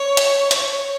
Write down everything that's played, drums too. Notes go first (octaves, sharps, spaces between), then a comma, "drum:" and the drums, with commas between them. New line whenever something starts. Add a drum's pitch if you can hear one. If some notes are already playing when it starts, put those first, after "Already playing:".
Already playing: C#5
drum: hi-hat
C#5, drum: hi-hat